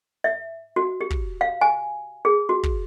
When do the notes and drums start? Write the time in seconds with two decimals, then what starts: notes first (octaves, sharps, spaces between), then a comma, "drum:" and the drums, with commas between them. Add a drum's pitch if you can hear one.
0.24 E5
0.76 F#4
1.01 G4
1.10 drum: kick
1.41 F5
1.61 G#5
2.25 G#4
2.49 F#4
2.63 drum: kick